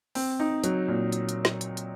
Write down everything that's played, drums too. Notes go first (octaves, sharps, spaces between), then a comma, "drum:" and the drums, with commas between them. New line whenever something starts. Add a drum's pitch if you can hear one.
C4, drum: open hi-hat
D#4
F#3, drum: hi-hat
A#2
drum: hi-hat
drum: hi-hat
drum: snare
drum: hi-hat
drum: hi-hat